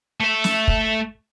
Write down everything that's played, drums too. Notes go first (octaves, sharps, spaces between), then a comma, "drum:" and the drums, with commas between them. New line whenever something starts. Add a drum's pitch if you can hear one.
A3 E5
drum: snare
drum: kick